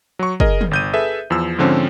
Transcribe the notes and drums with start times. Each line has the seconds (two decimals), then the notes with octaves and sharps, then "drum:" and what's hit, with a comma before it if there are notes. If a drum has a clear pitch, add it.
0.19 F#3 C#6
0.40 G#4 A#4 D#5, drum: kick
0.61 drum: tom
0.71 G1 G6 D#7
0.93 G#4 A4 B4 E5
1.30 E2 F3 E6
1.58 G#2 D3 F3 C4 C#4